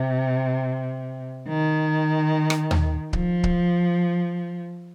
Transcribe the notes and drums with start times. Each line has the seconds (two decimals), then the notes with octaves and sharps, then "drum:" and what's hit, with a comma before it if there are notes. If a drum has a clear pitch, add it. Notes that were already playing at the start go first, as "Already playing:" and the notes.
Already playing: C3
1.49 D#3
2.50 drum: rim click
2.71 drum: tom D#2
3.13 F3, drum: kick C#1
3.44 drum: kick C#1